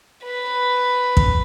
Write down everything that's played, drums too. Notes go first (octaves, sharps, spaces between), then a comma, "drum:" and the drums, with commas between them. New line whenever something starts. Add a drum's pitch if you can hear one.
B4
drum: kick